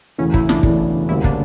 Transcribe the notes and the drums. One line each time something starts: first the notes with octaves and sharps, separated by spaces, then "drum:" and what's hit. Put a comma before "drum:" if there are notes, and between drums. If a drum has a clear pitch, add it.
E1 E2 C#3 E3 A3 C#4
E4, drum: kick
D4, drum: snare
E1 E2 C#3 E3 A3, drum: kick
D2 C#3 G3 A#3 E4
D4, drum: kick